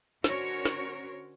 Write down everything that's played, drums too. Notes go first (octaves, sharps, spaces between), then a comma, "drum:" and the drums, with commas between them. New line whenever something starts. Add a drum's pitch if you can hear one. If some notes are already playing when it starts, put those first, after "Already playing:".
D3 C#4 F#4 A#4 C5 C#5, drum: snare
drum: snare